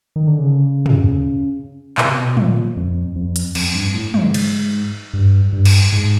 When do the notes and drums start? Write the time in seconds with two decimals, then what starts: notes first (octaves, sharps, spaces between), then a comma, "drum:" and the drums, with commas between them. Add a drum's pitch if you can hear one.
0.16 D#3
0.27 D3
0.39 C#3
0.86 drum: tom
1.98 B2, drum: clap
2.05 C3
2.13 B2
2.37 A#2, drum: tom
2.77 F2
3.16 F2
3.36 drum: hi-hat
3.55 F2, drum: cymbal
3.75 G2
3.94 A2
4.14 G#2, drum: tom
4.34 drum: cymbal
5.13 G2
5.53 G2
5.65 drum: cymbal
5.92 G#2